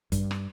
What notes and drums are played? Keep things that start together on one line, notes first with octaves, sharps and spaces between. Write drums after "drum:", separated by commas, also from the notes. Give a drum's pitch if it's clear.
G2, drum: kick, hi-hat
drum: rim click